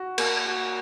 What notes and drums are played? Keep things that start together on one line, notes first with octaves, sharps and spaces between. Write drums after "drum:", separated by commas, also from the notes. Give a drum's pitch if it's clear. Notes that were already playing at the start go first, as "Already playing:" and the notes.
Already playing: F#4
A#3, drum: cymbal
F#4